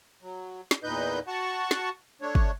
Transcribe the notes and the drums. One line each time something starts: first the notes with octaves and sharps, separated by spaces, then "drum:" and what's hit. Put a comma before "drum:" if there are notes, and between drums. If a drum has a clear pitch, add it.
F#3
drum: snare
E2 A#2 D#4 B4 D#5 G6
F#4 F#5 A5 C#6
drum: snare
A3 D4 C#5
drum: kick